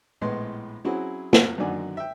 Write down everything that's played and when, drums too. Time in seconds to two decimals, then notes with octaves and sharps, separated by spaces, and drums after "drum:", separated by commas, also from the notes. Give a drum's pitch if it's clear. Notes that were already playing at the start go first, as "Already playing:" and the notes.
0.21 A#1 A2 G#3 B3 B4 C6
0.85 F#3 C4 C#4 E4 F#4 G#4
1.33 drum: snare
1.58 F#2 D3 D#3 F#4 D5 G#5
1.97 E5 G5